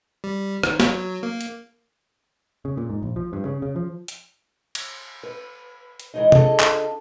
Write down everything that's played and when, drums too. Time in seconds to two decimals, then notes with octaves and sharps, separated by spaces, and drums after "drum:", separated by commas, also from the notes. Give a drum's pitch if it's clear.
0.24 G3
0.63 D#3, drum: rim click
0.80 F#3, drum: snare
1.23 A#3
1.41 drum: hi-hat
2.65 C#3
2.77 A#2
2.90 G#2
3.02 A#1
3.16 F3
3.33 G2
3.45 C#3
3.62 C#3
3.76 F3
4.08 drum: hi-hat
4.75 drum: cymbal
5.23 B4
6.00 drum: hi-hat
6.14 D#3 E3 F#3 G#3 C4 D#4
6.32 C#3 D4 F4 G#4 A4 D#5, drum: tom C3
6.60 drum: clap